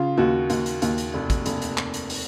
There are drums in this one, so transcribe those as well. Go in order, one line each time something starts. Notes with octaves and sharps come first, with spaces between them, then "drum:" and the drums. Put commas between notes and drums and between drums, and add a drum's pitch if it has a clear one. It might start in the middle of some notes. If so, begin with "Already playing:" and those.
Already playing: C#3 F4
D#2 F#4
D#2, drum: hi-hat
drum: hi-hat
D#2, drum: hi-hat
drum: hi-hat
F1
drum: kick, hi-hat
F1, drum: hi-hat
drum: hi-hat
drum: clap
drum: hi-hat
drum: open hi-hat